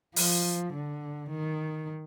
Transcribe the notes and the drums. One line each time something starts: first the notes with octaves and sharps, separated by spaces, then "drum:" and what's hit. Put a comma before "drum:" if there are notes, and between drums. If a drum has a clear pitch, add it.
F3, drum: open hi-hat
D3
D#3